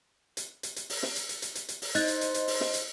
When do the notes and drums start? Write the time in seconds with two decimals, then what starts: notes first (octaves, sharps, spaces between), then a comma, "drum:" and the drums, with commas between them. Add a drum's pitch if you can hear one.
0.37 drum: hi-hat
0.63 drum: hi-hat
0.76 drum: hi-hat
0.90 drum: open hi-hat
1.03 drum: snare
1.16 drum: hi-hat
1.29 drum: hi-hat
1.42 drum: hi-hat
1.55 drum: hi-hat
1.69 drum: hi-hat
1.82 drum: open hi-hat
1.95 D#4 C5 D#5 F#6 A6, drum: hi-hat
2.08 drum: hi-hat
2.21 drum: hi-hat
2.34 drum: hi-hat
2.48 drum: open hi-hat
2.61 drum: snare
2.74 drum: hi-hat